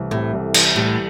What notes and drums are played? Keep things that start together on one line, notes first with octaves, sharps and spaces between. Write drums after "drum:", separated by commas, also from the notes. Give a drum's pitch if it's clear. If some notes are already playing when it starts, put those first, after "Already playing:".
Already playing: C2 E3 A3
A2 C3
C2
E3, drum: cymbal
A2 G3